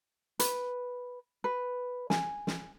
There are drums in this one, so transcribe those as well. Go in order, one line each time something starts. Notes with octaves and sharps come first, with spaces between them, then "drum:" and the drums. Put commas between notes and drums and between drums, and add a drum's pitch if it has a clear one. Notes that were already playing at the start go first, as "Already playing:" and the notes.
B4, drum: hi-hat
B4
G#5, drum: snare
drum: snare